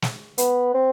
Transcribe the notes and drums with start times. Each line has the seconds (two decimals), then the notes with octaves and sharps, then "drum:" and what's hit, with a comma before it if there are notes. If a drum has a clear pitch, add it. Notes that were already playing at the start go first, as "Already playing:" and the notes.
0.02 drum: snare
0.38 B3, drum: hi-hat
0.74 C4